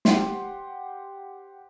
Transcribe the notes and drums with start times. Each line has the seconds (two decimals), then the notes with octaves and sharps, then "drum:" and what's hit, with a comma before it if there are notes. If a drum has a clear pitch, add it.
0.05 G4 C5 F#5 G5 C6, drum: snare